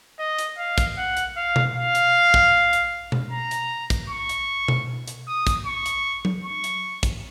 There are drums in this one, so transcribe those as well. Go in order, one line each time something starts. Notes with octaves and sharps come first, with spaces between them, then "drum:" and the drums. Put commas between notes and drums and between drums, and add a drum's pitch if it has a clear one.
D#5
drum: hi-hat
F5
drum: kick, hi-hat
F#5
drum: hi-hat
F5
drum: tom B2
F5
drum: hi-hat
drum: kick
drum: hi-hat
drum: tom B2
A#5
drum: hi-hat
drum: kick, hi-hat
C#6
drum: hi-hat
drum: tom B2
drum: hi-hat
D#6
drum: kick, hi-hat
C#6
drum: hi-hat
drum: tom F#3
C#6
drum: hi-hat
drum: kick, hi-hat